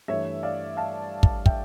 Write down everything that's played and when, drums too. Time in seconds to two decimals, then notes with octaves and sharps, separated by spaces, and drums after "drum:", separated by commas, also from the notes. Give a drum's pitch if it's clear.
0.08 G2 E3 A3 C#5 E5
0.43 D5 F5
0.77 F5 A5
1.23 drum: kick
1.46 E5 G5, drum: kick